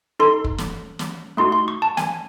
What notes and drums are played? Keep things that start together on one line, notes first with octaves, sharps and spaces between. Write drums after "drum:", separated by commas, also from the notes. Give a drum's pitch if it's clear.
D#4 A4 C6
drum: kick
drum: snare
drum: snare
A3 D#4 F#4 C6
C6
C#6
A5
G#5, drum: snare